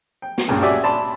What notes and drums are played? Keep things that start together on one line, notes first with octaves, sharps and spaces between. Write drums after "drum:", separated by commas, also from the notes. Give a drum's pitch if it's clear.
G5
drum: snare
C#2 G2 A#2
C#4 F#4 G4 D5 E5 G#5
D5 A5 B5 C6